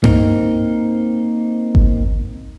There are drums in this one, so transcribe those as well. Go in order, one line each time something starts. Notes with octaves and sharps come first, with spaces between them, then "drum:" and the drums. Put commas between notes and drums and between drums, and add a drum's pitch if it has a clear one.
A#3 C4 D#4, drum: tom G2
drum: kick G#1